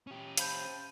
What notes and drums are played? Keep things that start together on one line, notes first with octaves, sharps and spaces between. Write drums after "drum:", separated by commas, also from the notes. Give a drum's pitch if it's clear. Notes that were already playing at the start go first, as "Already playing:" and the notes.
C#4 G4
C5 F5 A5 B5 G6 D#7, drum: hi-hat